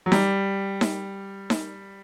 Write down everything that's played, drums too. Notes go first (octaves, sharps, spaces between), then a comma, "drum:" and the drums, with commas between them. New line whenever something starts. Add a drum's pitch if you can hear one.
F#3
G3, drum: snare D#4
drum: snare D#4
drum: snare D#4